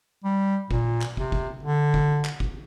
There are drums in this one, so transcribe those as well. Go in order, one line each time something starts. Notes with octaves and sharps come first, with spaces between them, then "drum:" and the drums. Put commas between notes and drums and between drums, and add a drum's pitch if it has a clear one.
G3
A#2, drum: kick
drum: clap
C3, drum: kick
drum: kick
D3
drum: kick
drum: clap
drum: kick